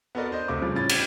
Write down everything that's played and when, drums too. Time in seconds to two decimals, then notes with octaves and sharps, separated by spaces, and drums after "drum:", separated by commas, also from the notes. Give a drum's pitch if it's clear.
0.15 B3 F#4 A4 A#4 D5 D#5
0.31 D4 C5 D#5
0.48 D2 C3 A3 E5 D6
0.60 F2 C#3 F3 G3
0.75 A2 C#4 A6
0.89 G4 G#6, drum: cymbal